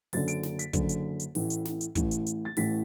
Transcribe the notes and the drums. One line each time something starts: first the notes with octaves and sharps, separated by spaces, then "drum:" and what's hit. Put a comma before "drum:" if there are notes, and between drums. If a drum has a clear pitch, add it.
F#1 F#2 D3 A6, drum: open hi-hat
D7, drum: hi-hat
drum: snare
B6, drum: hi-hat
F#1 F#2 D3, drum: kick, hi-hat
drum: hi-hat
drum: hi-hat
A1 A2 E3, drum: open hi-hat
drum: hi-hat
drum: snare
drum: hi-hat
A1 A2 E3, drum: kick, hi-hat
drum: hi-hat
drum: hi-hat
A6
A1 A2 E3 B6, drum: open hi-hat